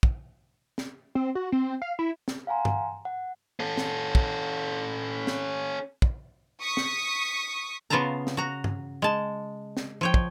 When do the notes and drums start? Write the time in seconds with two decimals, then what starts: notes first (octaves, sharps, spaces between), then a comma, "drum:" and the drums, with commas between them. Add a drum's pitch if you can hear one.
0.03 drum: kick
0.78 drum: snare
1.15 C4
1.35 F#4
1.52 C4
1.82 F5
1.99 E4
2.28 drum: snare
2.47 F5 F#5 G#5 A#5 C6
2.65 drum: tom G2
3.05 F#5
3.60 C#4 A4
3.77 drum: snare
4.15 drum: kick
5.27 drum: snare
6.02 drum: kick
6.62 C#6 D#6 B6
6.77 drum: snare
7.90 C#3 B3 F4 F5 A5 A#5
8.27 drum: snare
8.37 F#4 A#5
8.64 drum: tom G2
9.02 G#3 A5
9.77 drum: snare
10.01 F3 C#5 G5
10.14 drum: kick